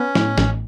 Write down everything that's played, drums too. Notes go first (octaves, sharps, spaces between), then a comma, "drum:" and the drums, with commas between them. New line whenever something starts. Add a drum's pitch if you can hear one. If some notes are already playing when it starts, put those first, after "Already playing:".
Already playing: B3 C#4
A2, drum: snare
A1, drum: snare